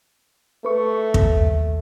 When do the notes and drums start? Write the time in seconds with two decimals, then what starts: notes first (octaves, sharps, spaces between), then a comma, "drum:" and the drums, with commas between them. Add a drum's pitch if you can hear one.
0.65 A3 B4 C#6
1.14 D#2, drum: kick